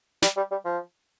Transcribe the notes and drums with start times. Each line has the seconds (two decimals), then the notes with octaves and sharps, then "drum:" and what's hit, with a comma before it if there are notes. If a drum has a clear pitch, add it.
0.22 G3, drum: snare
0.37 G3
0.51 G3
0.65 F3